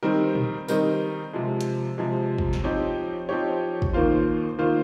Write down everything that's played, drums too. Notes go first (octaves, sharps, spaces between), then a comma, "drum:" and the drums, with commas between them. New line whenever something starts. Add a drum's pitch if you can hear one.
D#3 G3 C4 D#4 A#4
drum: tom A#2
D#3 G3 C4 D#4 A#4, drum: tambourine
C3 F3 G#3
drum: hi-hat
C3 F3 G#3
drum: kick
drum: snare
F3 C4 D#4 G4 C#5
F3 C4 D#4 G4 C#5
drum: kick
D#2 D#3 A#3 F4 C5
D#3 A#3 F4 C5